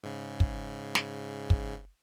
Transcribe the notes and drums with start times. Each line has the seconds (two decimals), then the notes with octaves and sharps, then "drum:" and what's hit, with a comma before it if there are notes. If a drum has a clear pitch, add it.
0.03 G#2 C#3
0.40 drum: kick
0.95 drum: snare
1.50 drum: kick